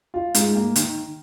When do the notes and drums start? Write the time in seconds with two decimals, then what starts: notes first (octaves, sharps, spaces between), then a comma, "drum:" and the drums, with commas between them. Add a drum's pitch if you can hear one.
0.14 F4
0.34 G#2, drum: hi-hat
0.55 A#3
0.76 D#3, drum: hi-hat